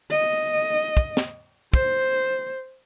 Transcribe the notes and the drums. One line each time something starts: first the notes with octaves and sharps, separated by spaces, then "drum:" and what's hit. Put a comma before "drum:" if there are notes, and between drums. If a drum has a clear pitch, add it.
D#5
drum: kick
drum: snare
C5, drum: kick